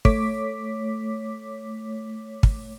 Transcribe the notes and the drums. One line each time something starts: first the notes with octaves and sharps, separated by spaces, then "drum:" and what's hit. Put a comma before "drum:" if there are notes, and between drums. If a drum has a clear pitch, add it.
A3 C#5 D6 B6, drum: kick
drum: kick